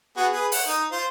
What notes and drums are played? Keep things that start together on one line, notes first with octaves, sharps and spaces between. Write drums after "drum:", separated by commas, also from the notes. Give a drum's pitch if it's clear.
B3 F#4 G#4
G#4 B4
F#5, drum: open hi-hat
D#4
F4 C5